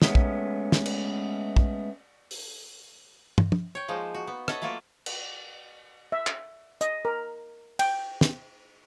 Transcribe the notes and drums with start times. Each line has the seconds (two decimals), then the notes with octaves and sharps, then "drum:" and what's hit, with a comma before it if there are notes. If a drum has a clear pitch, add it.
0.02 G#3 A3 B3 C#4, drum: snare
0.15 drum: kick
0.72 drum: snare
0.86 drum: cymbal
1.57 drum: kick
2.31 drum: open hi-hat
3.38 drum: tom
3.52 drum: tom
3.75 C#5 G5
3.88 F3 G#3 A#3 D#4 C5
4.14 F#4
4.27 B3
4.48 A4 C#5 D#5 E5 F#5, drum: rim click
4.62 F#3 A3 A#3 F4 A4 A#4
5.06 drum: cymbal
6.12 E5
6.27 drum: clap
6.81 D#5, drum: hi-hat
7.05 A#4
7.79 G5, drum: cymbal
8.21 drum: snare